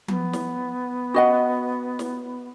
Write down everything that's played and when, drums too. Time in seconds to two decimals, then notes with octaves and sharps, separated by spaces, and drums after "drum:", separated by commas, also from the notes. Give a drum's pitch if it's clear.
0.08 B3, drum: tom F3
0.33 drum: snare
1.14 F#4 D#5 F#5
1.99 drum: snare